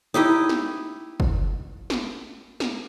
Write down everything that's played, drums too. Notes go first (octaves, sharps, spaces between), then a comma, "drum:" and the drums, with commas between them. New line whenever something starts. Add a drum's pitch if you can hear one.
D#4 E4 G4 D#5
drum: snare
drum: kick
drum: snare
drum: snare